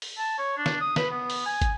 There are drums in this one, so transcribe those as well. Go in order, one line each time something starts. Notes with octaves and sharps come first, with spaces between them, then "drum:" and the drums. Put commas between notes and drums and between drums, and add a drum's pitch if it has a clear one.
drum: open hi-hat
A5
C#5
D4
drum: snare
D#6
B4, drum: snare
B3
drum: open hi-hat
G#5
drum: kick, hi-hat